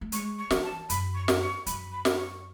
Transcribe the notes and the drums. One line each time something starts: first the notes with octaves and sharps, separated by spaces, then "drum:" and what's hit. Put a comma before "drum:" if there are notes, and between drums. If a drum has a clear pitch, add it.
A3
G#3 C#6, drum: hi-hat
C#6
E3, drum: snare
A5
F#2 B5, drum: hi-hat
C#6
drum: snare
C#6
F#2 B5, drum: hi-hat
B5
drum: snare
C#6